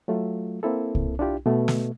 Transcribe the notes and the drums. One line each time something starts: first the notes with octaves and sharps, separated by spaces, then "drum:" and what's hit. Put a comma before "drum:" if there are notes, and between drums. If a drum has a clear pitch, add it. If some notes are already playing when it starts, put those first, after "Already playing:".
F#3 A3 F4
A#3 C4 E4 A4
drum: kick C2
D4 E4 F4 G4
B2 A3
drum: snare